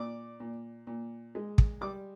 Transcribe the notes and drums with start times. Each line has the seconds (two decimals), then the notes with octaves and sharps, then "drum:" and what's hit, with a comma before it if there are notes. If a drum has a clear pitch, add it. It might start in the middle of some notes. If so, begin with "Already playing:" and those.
Already playing: A#2 D5 D6
0.40 A#2
0.87 A#2
1.35 G#3
1.58 drum: kick
1.81 G3 D5 D6